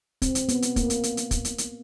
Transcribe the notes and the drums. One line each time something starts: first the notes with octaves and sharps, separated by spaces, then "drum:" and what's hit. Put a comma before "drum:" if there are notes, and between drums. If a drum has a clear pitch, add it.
C4, drum: kick, hi-hat
drum: hi-hat
B3, drum: hi-hat
drum: hi-hat
A#3, drum: kick, hi-hat
drum: hi-hat
drum: hi-hat
drum: hi-hat
drum: kick, hi-hat
drum: hi-hat
drum: hi-hat